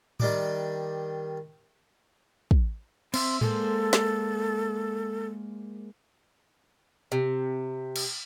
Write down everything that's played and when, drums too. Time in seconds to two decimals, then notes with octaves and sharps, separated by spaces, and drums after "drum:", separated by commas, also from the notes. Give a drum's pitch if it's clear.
0.20 D#3 G3 D4 D6, drum: tom A2
2.51 drum: kick
3.14 C4 E5 C6 E6, drum: cymbal
3.41 G#3 A#3 A4 C5, drum: tom A2
3.93 drum: snare
7.12 C3
7.96 drum: cymbal